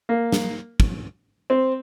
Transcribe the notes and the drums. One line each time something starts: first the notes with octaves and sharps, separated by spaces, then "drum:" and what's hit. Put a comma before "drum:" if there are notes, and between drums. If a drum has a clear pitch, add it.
A#3
drum: snare
drum: kick
C4